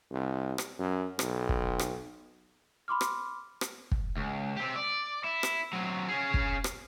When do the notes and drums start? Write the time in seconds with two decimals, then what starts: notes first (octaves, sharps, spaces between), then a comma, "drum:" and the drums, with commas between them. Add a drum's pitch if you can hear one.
0.12 C2
0.58 drum: rim click
0.79 F#2
1.19 B1, drum: rim click
1.49 drum: kick
1.79 drum: rim click
2.88 B5 C6 D6 F6
3.01 drum: rim click
3.61 drum: rim click
3.92 drum: kick
4.17 C#2
4.57 C4 G4
4.76 D5
5.24 E4
5.43 drum: rim click
5.73 F#3 C4
6.09 C#4 G#4
6.34 drum: kick
6.64 drum: rim click